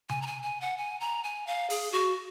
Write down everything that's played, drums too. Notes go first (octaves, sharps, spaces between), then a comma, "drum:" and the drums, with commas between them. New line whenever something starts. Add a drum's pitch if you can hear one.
G#5, drum: tom C3
A#5
G#5
G#5
F#5
G#5
A#5
G#5
F5
G#4, drum: open hi-hat
F#4